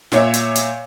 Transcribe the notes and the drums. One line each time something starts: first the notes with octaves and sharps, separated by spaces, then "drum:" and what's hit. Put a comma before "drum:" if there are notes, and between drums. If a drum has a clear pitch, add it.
A#2 C#5 E5, drum: snare
drum: hi-hat
drum: hi-hat